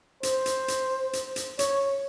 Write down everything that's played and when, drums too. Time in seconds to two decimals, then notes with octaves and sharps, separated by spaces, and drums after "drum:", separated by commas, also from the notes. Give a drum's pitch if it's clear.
0.23 C5, drum: hi-hat
0.46 drum: hi-hat
0.68 drum: hi-hat
1.13 drum: hi-hat
1.36 drum: hi-hat
1.59 C#5, drum: hi-hat